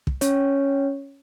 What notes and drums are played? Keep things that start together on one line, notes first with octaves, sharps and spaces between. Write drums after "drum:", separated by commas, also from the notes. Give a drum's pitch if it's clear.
drum: kick
C#4 C#5, drum: hi-hat